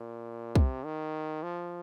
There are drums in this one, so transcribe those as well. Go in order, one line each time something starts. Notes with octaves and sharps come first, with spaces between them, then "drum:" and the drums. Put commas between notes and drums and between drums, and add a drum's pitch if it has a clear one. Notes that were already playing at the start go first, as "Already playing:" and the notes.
Already playing: A#2
C3, drum: kick
D#3
F3